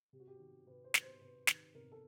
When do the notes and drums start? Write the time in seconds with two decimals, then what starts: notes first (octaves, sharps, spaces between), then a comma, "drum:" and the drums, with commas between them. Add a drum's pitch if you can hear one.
0.13 C3 G4
0.20 F#4
0.28 G4
0.39 D#3
0.66 C3 B4
0.84 C5
0.94 D#3, drum: snare
1.02 C5
1.21 C3 B4
1.47 D#3, drum: snare
1.75 C3 A#4
1.92 A4